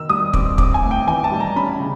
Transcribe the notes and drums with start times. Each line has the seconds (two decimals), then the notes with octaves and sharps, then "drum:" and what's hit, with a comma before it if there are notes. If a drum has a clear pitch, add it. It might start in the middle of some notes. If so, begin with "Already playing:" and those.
Already playing: D#3 E6
0.09 G3 D#6
0.33 C4 D6, drum: kick
0.58 C4 D6, drum: kick
0.74 G#5
0.82 A2
0.91 G5
1.07 E3 G#5
1.24 A5
1.32 G3
1.40 A#5
1.56 C#4 B5
1.80 C#3